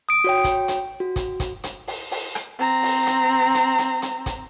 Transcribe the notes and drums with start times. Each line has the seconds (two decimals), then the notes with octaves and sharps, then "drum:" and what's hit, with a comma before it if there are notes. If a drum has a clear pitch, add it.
0.09 D#6 D7
0.24 F#4 C#5 G5
0.44 drum: kick, hi-hat
0.68 drum: hi-hat
1.00 F#4
1.16 drum: kick, hi-hat
1.40 drum: kick, hi-hat
1.64 drum: hi-hat
1.87 drum: open hi-hat
2.11 drum: open hi-hat
2.35 drum: rim click
2.59 C4 A#5
2.83 drum: open hi-hat
3.07 drum: hi-hat
3.54 drum: hi-hat
3.78 drum: hi-hat
4.02 drum: hi-hat
4.26 drum: kick, hi-hat